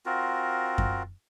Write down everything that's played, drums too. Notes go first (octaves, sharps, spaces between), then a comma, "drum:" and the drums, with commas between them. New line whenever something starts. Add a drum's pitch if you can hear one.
C4 F4 F#4 A#4
drum: kick F#2